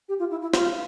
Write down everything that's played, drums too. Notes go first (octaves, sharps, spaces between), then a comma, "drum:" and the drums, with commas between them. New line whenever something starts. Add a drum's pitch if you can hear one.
G4
F4
E4
E4
F4, drum: snare